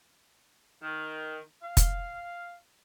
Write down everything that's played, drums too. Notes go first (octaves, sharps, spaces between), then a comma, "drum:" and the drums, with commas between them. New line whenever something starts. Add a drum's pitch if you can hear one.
D#3
F5
drum: kick F1, hi-hat